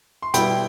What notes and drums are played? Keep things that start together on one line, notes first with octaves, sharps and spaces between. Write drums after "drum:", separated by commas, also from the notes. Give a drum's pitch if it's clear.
C6
B2 G3 B3 E4 G5 B5, drum: hi-hat